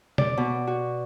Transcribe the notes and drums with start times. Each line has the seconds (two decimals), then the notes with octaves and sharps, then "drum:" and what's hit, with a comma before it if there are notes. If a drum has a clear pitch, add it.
0.18 D5, drum: tom B2
0.37 B2
0.67 F#4